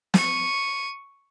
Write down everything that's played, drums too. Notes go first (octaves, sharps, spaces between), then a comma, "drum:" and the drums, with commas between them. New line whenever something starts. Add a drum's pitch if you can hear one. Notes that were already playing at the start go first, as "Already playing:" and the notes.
C#6 D#7, drum: snare